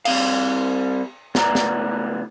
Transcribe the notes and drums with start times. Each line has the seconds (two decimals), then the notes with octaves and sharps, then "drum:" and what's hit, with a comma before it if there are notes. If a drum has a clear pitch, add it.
0.05 G3 C4 F5, drum: cymbal
1.35 C#2 A2 B3 D5 A#5, drum: snare
1.55 drum: snare